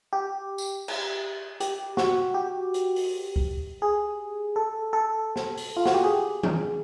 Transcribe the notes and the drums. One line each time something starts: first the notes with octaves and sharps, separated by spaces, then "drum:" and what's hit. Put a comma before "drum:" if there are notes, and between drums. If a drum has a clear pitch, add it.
G4
drum: tambourine
drum: cymbal
G4, drum: hi-hat
F#4, drum: snare
G4
drum: hi-hat
drum: open hi-hat
drum: kick C#2
G#4
A4
A4
drum: snare
drum: open hi-hat
F4
F#4, drum: snare
G4
G#4
drum: tom D#3